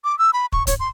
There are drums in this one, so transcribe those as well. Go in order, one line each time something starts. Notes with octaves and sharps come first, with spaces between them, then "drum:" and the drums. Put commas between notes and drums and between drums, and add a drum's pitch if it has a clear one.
D6
E6
B5
C#6, drum: kick
C#5, drum: kick, hi-hat
C6